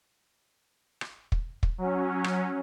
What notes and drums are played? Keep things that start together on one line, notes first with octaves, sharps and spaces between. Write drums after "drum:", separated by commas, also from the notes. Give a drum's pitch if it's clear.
drum: rim click
drum: kick
drum: kick
F#3 C#4
drum: rim click